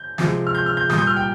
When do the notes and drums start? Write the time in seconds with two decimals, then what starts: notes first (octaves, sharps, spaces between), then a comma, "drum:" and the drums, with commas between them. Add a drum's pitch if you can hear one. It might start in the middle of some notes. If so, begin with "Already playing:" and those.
Already playing: G6
0.18 C3 F3 G#3, drum: snare
0.47 F6
0.55 G6
0.66 F6
0.77 G6
0.90 A#2 G3 D#6, drum: snare
0.98 G6
1.07 F6
1.17 G5